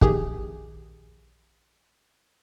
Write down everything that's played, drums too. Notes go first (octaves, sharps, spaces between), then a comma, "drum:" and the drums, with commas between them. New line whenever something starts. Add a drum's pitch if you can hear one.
A#1 D#3 G4 G#4, drum: kick